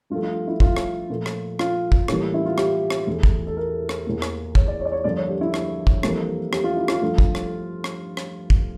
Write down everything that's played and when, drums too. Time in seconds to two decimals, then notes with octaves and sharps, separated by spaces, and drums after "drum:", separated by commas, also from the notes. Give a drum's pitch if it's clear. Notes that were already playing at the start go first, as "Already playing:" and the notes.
0.10 G2 F3 A3 F4
0.23 F4
0.47 E4
0.60 F4, drum: kick
0.77 drum: rim click
1.10 A#2 F3 A3
1.26 drum: rim click
1.59 F4, drum: rim click
1.92 drum: kick
2.08 A2 E3 G3 A#3, drum: rim click
2.34 E4
2.45 F4
2.58 G4, drum: rim click
2.90 drum: rim click
3.07 E2 E3 A3
3.23 drum: kick
3.47 A4
3.57 A#4
3.89 drum: rim click
4.06 E2 E3 A#3
4.22 drum: rim click
4.55 C#5, drum: kick
4.68 D5
4.80 C#5
4.85 D5
4.92 C#5
5.04 G2 D3 F3 A#3 D5
5.17 C#5
5.29 G4
5.41 E4
5.54 drum: rim click
5.87 drum: kick
6.03 F2 E3 G3 A#3, drum: rim click
6.53 G4, drum: rim click
6.64 F4
6.76 E4
6.88 F4, drum: rim click
7.02 G2 F3 A3
7.18 drum: kick
7.35 drum: rim click
7.84 drum: rim click
8.17 drum: rim click
8.50 drum: kick